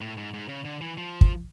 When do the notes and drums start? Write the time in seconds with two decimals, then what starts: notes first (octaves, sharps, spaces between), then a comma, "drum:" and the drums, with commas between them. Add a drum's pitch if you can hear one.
0.01 A2
0.18 G#2
0.34 G#2
0.49 C#3
0.65 D3
0.81 E3
0.98 F3
1.21 drum: kick